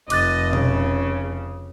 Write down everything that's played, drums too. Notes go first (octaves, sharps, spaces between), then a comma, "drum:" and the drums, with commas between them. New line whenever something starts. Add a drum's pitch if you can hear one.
F1 D#5 D6 F#6 A6, drum: cymbal
C#3, drum: tom B2